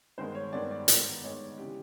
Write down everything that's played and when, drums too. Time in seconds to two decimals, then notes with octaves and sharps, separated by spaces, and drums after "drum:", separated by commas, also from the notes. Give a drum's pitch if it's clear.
0.18 G2 D#3 G#3 B3 C5
0.35 C#5
0.53 G2 D#3 G#3 B3 D5
0.71 D5
0.88 G#2 D#3 G#3 B3, drum: hi-hat
1.23 G#2 D#3 G#3 B3 C#5
1.58 C#3 E3 G4